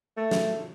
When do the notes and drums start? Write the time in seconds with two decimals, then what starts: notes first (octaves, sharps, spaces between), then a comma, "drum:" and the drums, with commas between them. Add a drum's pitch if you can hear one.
0.17 A3
0.31 drum: snare